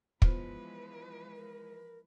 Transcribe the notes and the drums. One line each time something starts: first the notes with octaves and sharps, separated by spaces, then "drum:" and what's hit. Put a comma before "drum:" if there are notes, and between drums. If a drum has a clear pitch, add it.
E3 F3 G#3 B3 F4 B4 C5, drum: kick
A#4